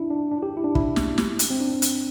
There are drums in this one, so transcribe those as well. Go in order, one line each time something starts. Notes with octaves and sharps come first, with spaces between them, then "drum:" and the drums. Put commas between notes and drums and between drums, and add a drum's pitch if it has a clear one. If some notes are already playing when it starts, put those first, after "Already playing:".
Already playing: D4 E4
D4
D4
G4
E4
D4
E4, drum: kick
drum: snare
drum: snare
drum: hi-hat
C4
D4
drum: hi-hat